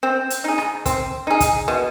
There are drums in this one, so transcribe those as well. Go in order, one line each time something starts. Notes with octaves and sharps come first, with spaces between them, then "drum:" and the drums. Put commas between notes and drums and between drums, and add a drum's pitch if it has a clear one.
C4
drum: hi-hat
D#4 G#4
drum: rim click
C4, drum: kick, hi-hat
D#4 G#4
drum: kick, hi-hat
B2